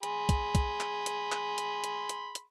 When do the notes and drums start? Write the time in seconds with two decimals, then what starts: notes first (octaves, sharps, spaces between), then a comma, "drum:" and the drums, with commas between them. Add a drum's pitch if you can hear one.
0.03 G#4 B5 C6, drum: hi-hat
0.29 drum: kick B1, hi-hat
0.55 drum: kick B1, hi-hat
0.80 drum: clap
1.06 drum: hi-hat
1.32 drum: clap
1.58 drum: hi-hat
1.84 drum: hi-hat
2.09 drum: hi-hat
2.35 drum: hi-hat